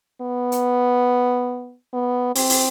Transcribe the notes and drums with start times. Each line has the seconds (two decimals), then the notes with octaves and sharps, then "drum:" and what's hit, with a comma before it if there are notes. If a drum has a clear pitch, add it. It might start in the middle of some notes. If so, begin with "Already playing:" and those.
0.21 B3
0.52 drum: hi-hat
1.94 B3
2.36 C4, drum: open hi-hat
2.50 drum: open hi-hat